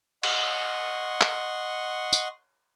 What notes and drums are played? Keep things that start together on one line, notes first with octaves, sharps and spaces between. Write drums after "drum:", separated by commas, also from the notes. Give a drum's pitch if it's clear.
D#5 F#5 C6 C#6, drum: cymbal
drum: clap
drum: tambourine